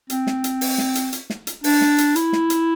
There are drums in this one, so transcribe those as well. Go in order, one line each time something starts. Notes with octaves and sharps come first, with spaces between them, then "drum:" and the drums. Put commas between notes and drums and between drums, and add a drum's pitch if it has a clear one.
C4, drum: hi-hat
drum: snare
drum: hi-hat
drum: open hi-hat
drum: snare
drum: hi-hat
drum: hi-hat
drum: snare
drum: hi-hat
D4, drum: open hi-hat
drum: snare
drum: hi-hat
E4, drum: hi-hat
drum: snare
drum: hi-hat